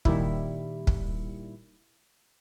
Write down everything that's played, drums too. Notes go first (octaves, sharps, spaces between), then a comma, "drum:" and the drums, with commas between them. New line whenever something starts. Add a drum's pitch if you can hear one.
A#2 D#3 G3 E4, drum: kick
drum: kick